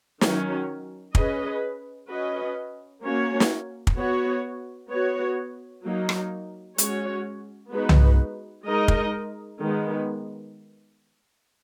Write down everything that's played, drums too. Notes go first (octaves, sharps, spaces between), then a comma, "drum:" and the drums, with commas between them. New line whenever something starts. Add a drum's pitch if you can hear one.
D#3 F#3 C#4, drum: snare
C#4 G#4 B4 D#5, drum: kick
C#4 F#4 B4 D#5
A#3 C#4 F#4 C#5
drum: snare
drum: kick
B3 F#4 C#5
B3 F#4 C#5
F#3 A#3 D#4
drum: rim click
G#3 C#4 F#4 C#5, drum: hi-hat
G#3 B3 D#4 F#4 B4
drum: tom C2
G#3 D#4 A#4 D#5
drum: kick
D#3 G#3 B3